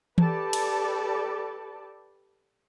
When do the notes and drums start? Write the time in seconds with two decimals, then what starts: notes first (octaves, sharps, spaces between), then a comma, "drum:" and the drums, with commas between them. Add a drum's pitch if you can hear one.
0.18 G4 A4 B4 D5 A5, drum: tom E3
0.53 drum: cymbal